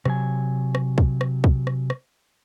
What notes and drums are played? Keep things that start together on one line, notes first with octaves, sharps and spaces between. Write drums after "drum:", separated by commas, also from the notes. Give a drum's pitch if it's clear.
C3 F#3 G#5, drum: rim click
drum: rim click
drum: kick
drum: rim click
drum: kick
drum: rim click
drum: rim click